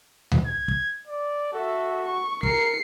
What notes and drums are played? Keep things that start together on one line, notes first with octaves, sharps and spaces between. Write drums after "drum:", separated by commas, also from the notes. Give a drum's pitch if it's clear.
drum: tom D2
G#6
drum: kick
D5
F#4 A4 E5
C#6
A#4 C7 C#7, drum: kick